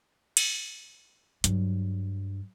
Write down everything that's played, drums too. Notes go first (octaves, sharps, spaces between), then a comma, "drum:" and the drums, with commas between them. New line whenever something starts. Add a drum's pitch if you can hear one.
drum: cymbal
G2 F#3, drum: hi-hat